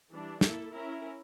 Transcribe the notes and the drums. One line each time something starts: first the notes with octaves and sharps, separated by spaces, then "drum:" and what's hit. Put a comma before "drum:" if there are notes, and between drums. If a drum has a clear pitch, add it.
E3 G3 D4
A#3 E4 A4, drum: snare
C#4 E4 A#4